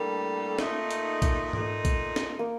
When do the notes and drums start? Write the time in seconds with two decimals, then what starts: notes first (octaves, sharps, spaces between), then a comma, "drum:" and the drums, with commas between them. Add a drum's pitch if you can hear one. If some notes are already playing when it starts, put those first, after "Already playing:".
Already playing: A2 G3 A#3 D4 A4
0.59 A#2 A3 D#4, drum: snare
0.91 drum: hi-hat
1.22 drum: kick A#1, hi-hat
1.53 A#2 A3 D#4, drum: tom G#2
1.85 drum: kick A#1, hi-hat
2.16 drum: snare
2.39 A#3